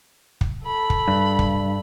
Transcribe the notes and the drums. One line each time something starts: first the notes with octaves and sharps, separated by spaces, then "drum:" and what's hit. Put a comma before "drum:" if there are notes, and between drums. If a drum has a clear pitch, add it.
drum: kick
A4 B5
drum: kick
G2
drum: kick